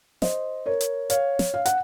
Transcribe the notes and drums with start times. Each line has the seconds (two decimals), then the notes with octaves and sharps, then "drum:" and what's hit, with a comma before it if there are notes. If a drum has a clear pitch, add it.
0.22 C5 D#5, drum: snare
0.66 A#4 C#5
0.81 drum: hi-hat
1.10 C#5 F5, drum: hi-hat
1.39 drum: snare
1.54 F5
1.66 F#5, drum: hi-hat